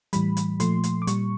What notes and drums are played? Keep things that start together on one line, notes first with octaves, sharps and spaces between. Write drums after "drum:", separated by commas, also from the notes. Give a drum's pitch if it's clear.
A2 E3 G3 B5, drum: hi-hat
drum: hi-hat
A#2 F3 A3 C6, drum: hi-hat
drum: hi-hat
D6
A#2 G3 C#6, drum: hi-hat